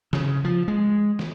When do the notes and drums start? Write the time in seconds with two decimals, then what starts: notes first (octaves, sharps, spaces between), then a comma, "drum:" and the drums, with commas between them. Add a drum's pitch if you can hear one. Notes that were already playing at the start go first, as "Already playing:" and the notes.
0.13 C#3, drum: snare
0.44 F3
0.68 G#3
1.19 drum: snare